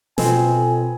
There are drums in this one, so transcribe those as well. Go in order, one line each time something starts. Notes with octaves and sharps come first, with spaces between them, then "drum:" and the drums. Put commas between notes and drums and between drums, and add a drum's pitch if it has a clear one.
B2 C4 F4 A4 B4 D#5 G#5, drum: snare